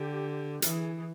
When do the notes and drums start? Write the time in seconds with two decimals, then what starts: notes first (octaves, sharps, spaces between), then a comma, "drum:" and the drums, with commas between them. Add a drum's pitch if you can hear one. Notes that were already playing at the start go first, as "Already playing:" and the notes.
Already playing: D3 G4
0.62 E3 G#4, drum: hi-hat
0.96 G#4